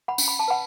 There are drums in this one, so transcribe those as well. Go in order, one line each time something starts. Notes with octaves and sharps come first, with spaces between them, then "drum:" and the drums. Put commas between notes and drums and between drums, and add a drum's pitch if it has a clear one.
F#5 B5
C#4, drum: tambourine
B5
A5
B4 F#5 B5